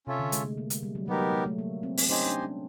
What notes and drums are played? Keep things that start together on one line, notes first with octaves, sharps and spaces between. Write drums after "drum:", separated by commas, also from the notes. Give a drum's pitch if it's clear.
C3 C#4 F4 A4 C#5 E5
D3
G#3, drum: hi-hat
A3
A#3
G#3, drum: hi-hat
G3
F#3
F#3 B3 D#4 G4 A#4
F#3
G#3
A3
A#3
C4
C4, drum: open hi-hat
C#4 D#4 G4 C5 D#5 G#5
D4
C#4